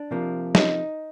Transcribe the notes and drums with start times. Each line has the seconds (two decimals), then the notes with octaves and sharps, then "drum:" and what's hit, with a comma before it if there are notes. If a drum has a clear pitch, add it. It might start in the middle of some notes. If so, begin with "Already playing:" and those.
Already playing: D4
0.11 C3 F3 A#3
0.55 D#4, drum: snare